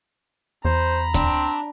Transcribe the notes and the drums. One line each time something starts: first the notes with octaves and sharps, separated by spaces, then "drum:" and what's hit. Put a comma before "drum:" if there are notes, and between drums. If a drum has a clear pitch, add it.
E2 C5 A#5 B5
C4 D4, drum: kick D2, hi-hat